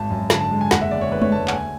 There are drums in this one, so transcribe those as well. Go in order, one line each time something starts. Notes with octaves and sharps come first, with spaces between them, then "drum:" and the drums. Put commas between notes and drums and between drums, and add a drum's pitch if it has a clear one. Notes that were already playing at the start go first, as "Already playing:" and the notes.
Already playing: G#1 A5
F#2
D3 A5, drum: snare
A5
G#3
G#5
F#1 F#5, drum: snare
E5
E2 D5
C#5
D3 B4
C#5, drum: tom G#3
A3 A5
F#5, drum: clap
D2 G#5